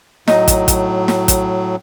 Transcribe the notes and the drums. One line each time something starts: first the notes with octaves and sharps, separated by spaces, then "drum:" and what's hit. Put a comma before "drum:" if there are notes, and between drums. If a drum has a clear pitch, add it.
A2 F#3 D#4, drum: snare
drum: kick, hi-hat
drum: kick, hi-hat
drum: snare
drum: kick, hi-hat